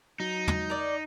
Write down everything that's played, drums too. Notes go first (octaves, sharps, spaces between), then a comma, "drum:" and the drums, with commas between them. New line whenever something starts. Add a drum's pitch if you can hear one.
F#3 D#4
drum: tom
A#4 D5